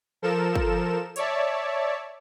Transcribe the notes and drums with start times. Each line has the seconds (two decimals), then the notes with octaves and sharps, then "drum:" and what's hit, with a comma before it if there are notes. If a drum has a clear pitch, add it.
0.22 F3 A4 A#4 E7
0.55 drum: kick
1.16 C#5 D5 E5 A5, drum: hi-hat